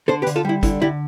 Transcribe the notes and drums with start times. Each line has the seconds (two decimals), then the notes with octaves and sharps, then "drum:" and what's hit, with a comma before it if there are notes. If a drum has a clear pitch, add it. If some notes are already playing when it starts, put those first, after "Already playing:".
0.08 D3 A4 C5
0.22 G4 B4
0.27 D3, drum: hi-hat
0.36 F4 A4
0.45 G3 E4
0.63 D3 E4, drum: kick G1, hi-hat
0.82 D3 E4 G4